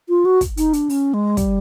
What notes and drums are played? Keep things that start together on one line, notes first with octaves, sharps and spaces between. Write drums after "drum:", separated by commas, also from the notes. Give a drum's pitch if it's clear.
F4
F#4
drum: kick, hi-hat
D#4, drum: hi-hat
D4, drum: hi-hat
C#4, drum: open hi-hat
G#3
G3, drum: kick, hi-hat